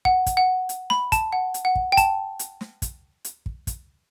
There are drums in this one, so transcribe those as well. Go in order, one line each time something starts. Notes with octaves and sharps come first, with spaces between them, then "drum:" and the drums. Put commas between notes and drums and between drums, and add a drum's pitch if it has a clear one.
F#5, drum: kick
drum: kick, hi-hat
F#5
drum: hi-hat
B5, drum: snare
A5, drum: kick, hi-hat
F#5
drum: hi-hat
F#5
drum: kick
G5
A5, drum: kick, hi-hat
drum: hi-hat
drum: snare
drum: kick, hi-hat
drum: hi-hat
drum: kick
drum: kick, hi-hat